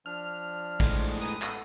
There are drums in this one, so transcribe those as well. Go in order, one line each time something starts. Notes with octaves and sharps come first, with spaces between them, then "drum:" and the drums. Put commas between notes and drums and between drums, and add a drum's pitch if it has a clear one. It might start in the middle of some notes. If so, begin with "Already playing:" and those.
F3 D4 F6
A2 G#3, drum: kick
G#4 B4 A#5 D#6
B3 A4, drum: clap